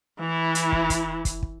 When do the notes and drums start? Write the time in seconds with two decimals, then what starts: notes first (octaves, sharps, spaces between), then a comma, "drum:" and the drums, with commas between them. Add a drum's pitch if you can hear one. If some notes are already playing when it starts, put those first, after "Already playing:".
0.20 E3 E4
0.55 drum: hi-hat
0.72 drum: kick
0.90 drum: kick, hi-hat
1.25 drum: kick, hi-hat
1.43 drum: kick